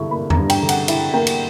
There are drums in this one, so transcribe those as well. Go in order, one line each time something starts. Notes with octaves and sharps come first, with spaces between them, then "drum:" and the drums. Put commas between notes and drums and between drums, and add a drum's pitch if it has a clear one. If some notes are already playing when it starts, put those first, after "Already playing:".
Already playing: G2 D3 E4 C#6
A#3 B5
A#5, drum: tom E2
G2
G5, drum: cymbal
D3
F#5, drum: cymbal
E4 E5, drum: cymbal
A#3 G5
drum: cymbal